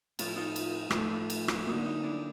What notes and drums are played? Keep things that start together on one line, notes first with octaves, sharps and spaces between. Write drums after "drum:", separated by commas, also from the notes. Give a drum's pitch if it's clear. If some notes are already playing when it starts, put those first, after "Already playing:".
A2 F3 A3 F4, drum: cymbal
E4
D#4 F4
drum: cymbal
A2 F3 A3, drum: rim click
drum: cymbal
drum: rim click
D3 F#3 A#3 D#4
D#4
D4 E4